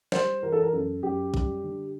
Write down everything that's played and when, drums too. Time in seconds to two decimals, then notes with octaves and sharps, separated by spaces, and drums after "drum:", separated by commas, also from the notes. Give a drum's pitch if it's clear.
0.12 G3 C5, drum: snare
0.43 E3 A#4
0.52 A4
0.62 A#4
0.73 F#2 A4
1.03 F#2 G4
1.34 G3, drum: kick
1.64 D3